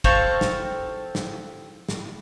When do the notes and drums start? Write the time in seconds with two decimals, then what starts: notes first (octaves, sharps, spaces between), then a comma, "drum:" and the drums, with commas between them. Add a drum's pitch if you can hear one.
0.04 C4 A4 F5 C#6, drum: kick
0.41 drum: snare
1.15 drum: snare
1.89 drum: snare